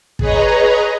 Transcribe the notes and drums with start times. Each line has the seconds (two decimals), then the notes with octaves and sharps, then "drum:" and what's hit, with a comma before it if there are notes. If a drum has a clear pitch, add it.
0.19 G#4 B4 C#5 D#5 A#5, drum: kick